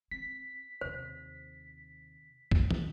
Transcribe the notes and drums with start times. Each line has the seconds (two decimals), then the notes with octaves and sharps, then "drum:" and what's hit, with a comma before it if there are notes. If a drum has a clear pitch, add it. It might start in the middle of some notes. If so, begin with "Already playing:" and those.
0.11 C4 B6
0.81 D#2 C3 C5
2.51 drum: kick
2.71 D2 C3, drum: tom